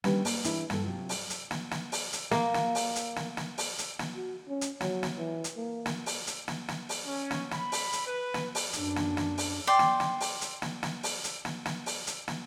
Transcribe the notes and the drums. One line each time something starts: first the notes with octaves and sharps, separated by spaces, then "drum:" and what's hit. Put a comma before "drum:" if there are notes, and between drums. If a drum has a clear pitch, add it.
D#3 G3 C#4 D4 G4 B4, drum: snare
A#3, drum: open hi-hat
E3 D4 E4 G#4, drum: hi-hat
G2 A4, drum: snare
C3 F#3 F4
drum: open hi-hat
drum: hi-hat
drum: snare
drum: snare
drum: open hi-hat
drum: hi-hat
A#3, drum: snare
drum: snare
drum: open hi-hat
drum: hi-hat
drum: snare
drum: snare
drum: open hi-hat
drum: hi-hat
drum: snare
F#4
C#4
drum: hi-hat
F#3, drum: snare
drum: snare
E3
drum: hi-hat
A#3
drum: snare
drum: open hi-hat
drum: hi-hat
drum: snare
drum: snare
drum: open hi-hat
C#4
drum: snare
B5, drum: snare
drum: open hi-hat
drum: hi-hat
B4
drum: snare
drum: open hi-hat
F#2 D4, drum: hi-hat
drum: snare
drum: snare
drum: open hi-hat
D5 G5 C6
drum: snare
drum: snare
drum: open hi-hat
drum: hi-hat
drum: snare
drum: snare
drum: open hi-hat
drum: hi-hat
drum: snare
drum: snare
drum: open hi-hat
drum: hi-hat
drum: snare